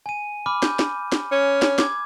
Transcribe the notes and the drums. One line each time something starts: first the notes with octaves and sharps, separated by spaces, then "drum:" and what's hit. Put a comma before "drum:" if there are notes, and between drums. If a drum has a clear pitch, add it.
G#5 D#7
B5 D6 F6
G6, drum: snare
drum: snare
drum: snare
C#4
drum: snare
D6 G#6, drum: snare